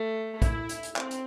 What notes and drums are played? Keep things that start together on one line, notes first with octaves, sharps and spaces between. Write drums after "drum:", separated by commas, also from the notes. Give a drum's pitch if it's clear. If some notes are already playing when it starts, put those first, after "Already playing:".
Already playing: A3
E4, drum: kick, hi-hat
drum: hi-hat
drum: hi-hat
C4, drum: clap
drum: hi-hat